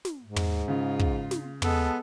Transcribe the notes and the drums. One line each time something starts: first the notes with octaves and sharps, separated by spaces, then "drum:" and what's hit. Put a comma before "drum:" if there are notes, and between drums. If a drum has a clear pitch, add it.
drum: snare
G#2
drum: tom
C#3 F4
drum: kick
drum: snare
G#3 B3 A4, drum: tom